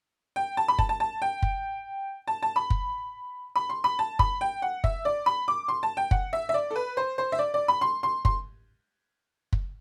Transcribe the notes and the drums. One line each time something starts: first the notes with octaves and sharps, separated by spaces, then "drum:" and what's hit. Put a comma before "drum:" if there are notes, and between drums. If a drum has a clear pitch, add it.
G5
A5
B5
A5, drum: kick
A5
A5
G5
drum: kick
A5
A5
B5
drum: kick
B5
C6
B5
A5
B5, drum: kick
G5
F#5
E5, drum: kick
D5
B5
D6
C6
A5
G5
F#5, drum: kick
E5
E5
D5
A4
B4
C5
C5
E5
D5
D5
B5
C6
C6
C6, drum: kick
drum: kick